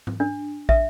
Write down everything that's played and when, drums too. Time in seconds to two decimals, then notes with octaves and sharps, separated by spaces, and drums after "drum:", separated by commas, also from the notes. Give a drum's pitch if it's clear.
0.07 drum: tom
0.20 D4
0.69 E5, drum: kick